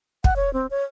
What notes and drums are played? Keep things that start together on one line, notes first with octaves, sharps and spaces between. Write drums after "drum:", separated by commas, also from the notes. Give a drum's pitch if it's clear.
F#5, drum: kick
C#5
C4
C#5